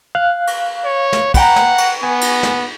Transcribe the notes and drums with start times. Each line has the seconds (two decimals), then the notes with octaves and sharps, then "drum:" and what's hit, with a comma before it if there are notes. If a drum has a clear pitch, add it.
0.15 F5 F#6
0.47 drum: cymbal
0.84 C#5
1.13 drum: snare
1.34 B4 F#5 G5 A#5, drum: kick, cymbal
1.56 drum: snare
1.78 drum: cymbal
2.03 B3 G#5
2.21 drum: cymbal
2.43 drum: snare